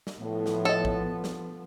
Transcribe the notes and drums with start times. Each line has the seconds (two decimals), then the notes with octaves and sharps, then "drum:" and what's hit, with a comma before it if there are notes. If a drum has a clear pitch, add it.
0.07 drum: snare
0.21 A2 F3 B3
0.46 drum: snare
0.65 A4 C#5 D#5
0.85 drum: kick A1
1.24 drum: snare